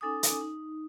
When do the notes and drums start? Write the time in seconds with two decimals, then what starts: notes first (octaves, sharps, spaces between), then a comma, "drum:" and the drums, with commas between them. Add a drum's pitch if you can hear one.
0.01 C#4 D#4 A4 G#5 D6 D#6
0.23 drum: hi-hat
0.41 D#4